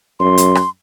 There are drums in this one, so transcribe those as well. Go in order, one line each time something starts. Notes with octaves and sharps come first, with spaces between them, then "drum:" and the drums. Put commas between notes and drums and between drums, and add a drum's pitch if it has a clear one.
F#2 C6
drum: hi-hat
drum: rim click